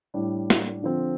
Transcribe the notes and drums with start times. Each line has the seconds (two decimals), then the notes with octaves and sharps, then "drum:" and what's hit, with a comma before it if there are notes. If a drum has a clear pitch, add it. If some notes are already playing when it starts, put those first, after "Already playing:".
0.14 A2 G3 D4
0.50 drum: snare
0.82 D3 F3 C4